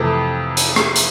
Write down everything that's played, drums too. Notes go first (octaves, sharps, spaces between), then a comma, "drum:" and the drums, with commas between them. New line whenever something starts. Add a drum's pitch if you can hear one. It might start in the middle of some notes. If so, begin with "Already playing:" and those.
Already playing: F2 C3 E3 A3
drum: hi-hat
drum: rim click
drum: hi-hat